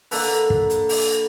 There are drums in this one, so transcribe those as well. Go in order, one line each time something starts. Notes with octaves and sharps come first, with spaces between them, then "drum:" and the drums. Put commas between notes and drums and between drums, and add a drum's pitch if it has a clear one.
D3 A#3 A4 B4, drum: open hi-hat
drum: kick
drum: hi-hat
drum: open hi-hat